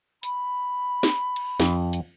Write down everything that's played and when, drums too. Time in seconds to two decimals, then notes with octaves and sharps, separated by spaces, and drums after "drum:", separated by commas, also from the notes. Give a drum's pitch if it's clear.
0.23 B5, drum: hi-hat
1.03 drum: snare
1.36 drum: cymbal
1.60 F2, drum: snare
1.93 drum: hi-hat